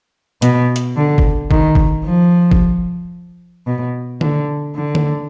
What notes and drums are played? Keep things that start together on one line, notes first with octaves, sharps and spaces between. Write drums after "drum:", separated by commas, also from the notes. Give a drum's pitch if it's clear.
B2, drum: hi-hat
drum: hi-hat
D3
drum: kick G1
D#3, drum: kick G1
drum: kick G1
F3
drum: kick G1
B2
D3, drum: tom D3
D3
drum: tom D3